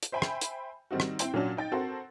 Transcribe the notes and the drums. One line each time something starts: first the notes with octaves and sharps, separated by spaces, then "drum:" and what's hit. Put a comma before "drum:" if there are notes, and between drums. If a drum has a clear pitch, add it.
drum: hi-hat
C5 E5 G5 G#5 B5
drum: rim click
drum: hi-hat
D#3 G3 C4 D#4 F#4
drum: rim click
C4 E4 C5 G5 C6, drum: hi-hat
A#2 F#3 C#4 D4 F#4
D#4 G5 A6
C4 F#4 A4 A#4 C5